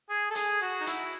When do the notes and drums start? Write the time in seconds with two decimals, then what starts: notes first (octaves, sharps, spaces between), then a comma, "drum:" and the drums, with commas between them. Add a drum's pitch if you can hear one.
0.10 G#4
0.30 A4
0.35 G#4, drum: hi-hat
0.61 F#4
0.81 D#4
0.86 E4, drum: hi-hat